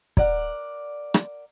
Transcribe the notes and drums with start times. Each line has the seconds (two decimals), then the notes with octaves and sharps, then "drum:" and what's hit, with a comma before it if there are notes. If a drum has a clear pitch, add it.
0.17 A#4 D5 F#5, drum: kick
1.14 drum: rim click